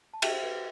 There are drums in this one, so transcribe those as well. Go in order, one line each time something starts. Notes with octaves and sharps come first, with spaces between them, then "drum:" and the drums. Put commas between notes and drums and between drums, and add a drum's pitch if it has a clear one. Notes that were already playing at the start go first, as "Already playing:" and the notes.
A5
G4 E5 G5, drum: cymbal
B4